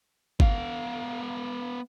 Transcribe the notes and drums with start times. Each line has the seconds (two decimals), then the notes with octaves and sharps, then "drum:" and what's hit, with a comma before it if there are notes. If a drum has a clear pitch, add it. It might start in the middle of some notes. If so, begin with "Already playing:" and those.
0.40 B3 F5, drum: kick G1